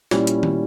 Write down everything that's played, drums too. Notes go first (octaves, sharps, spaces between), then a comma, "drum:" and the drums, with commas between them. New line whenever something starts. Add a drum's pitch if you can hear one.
A#2 G3 C#4 E4, drum: snare
drum: hi-hat
drum: tom D#3